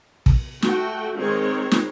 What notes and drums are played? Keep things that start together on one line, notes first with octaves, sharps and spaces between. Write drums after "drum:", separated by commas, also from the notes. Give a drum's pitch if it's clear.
drum: kick
A3 F#4 G5, drum: snare
D#3 G#3 C4 C#5
drum: snare